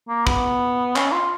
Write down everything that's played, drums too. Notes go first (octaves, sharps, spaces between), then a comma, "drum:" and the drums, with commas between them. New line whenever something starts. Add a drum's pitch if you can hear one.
A#3
B3, drum: kick
C#4, drum: clap
F4